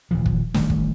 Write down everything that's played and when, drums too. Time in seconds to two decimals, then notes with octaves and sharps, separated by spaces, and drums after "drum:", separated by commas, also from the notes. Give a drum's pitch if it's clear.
0.11 D#1 E3 F3
0.26 drum: kick
0.54 A1 D#3 G3 A3, drum: snare
0.70 drum: kick